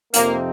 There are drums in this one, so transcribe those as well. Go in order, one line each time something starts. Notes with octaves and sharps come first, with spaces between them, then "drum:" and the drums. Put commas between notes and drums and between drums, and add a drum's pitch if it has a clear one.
F2 C3 F3 A#3 C4 D#4, drum: hi-hat